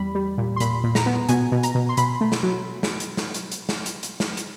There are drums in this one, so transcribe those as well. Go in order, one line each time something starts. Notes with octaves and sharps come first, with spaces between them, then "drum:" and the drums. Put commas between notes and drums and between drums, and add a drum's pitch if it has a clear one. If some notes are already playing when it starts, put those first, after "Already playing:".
Already playing: E2 G3 B5
G3
A#2
C6
A#2 B5, drum: hi-hat
A#2
A#5, drum: snare
B3
B2 G#5, drum: hi-hat
B2
A#5, drum: hi-hat
B2
C6
B2 B5, drum: hi-hat
A3
drum: snare
F#3
drum: snare
drum: hi-hat
drum: snare
drum: hi-hat
drum: hi-hat
drum: snare
drum: hi-hat
drum: hi-hat
drum: snare
drum: hi-hat